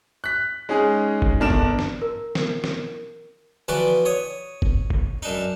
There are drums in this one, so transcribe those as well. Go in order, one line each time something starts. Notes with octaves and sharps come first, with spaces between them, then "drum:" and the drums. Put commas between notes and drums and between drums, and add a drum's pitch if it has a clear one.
F#6 B6
G#3 C#4 D#4 G#4
drum: kick F#1
G1 D4 A#4 E7
drum: kick F#1
drum: snare
A#4
drum: snare
drum: snare
E3 F3 B3 F#4 D5
C#5 D#6
drum: kick F#1
drum: kick F#1
F#2 D4 D#4